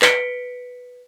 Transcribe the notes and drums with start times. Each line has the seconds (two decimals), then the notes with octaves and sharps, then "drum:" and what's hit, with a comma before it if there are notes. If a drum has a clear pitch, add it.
0.02 B4 B6 C#7 D7 G7, drum: clap